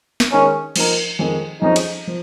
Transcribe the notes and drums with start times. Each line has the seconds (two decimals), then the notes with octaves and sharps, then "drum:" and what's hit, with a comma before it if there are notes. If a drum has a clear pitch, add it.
0.20 drum: snare
0.32 D#3 G#3 C#4 D#4 A#4
0.76 F3 A#3 D#4 A#4, drum: cymbal
1.19 F2 D#3 G#3
1.62 F2 F3 C#4 D#4 G#4
1.76 drum: cymbal
2.07 F3